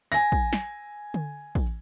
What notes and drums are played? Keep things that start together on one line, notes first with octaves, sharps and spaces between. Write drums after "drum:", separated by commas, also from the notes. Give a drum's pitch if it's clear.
G#5 A#6
drum: kick, open hi-hat
drum: snare
drum: tom D3
drum: kick, open hi-hat